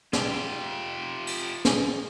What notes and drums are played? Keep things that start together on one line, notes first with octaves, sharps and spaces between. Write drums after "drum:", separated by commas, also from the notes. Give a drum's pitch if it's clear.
F4 G4, drum: snare
drum: cymbal
drum: snare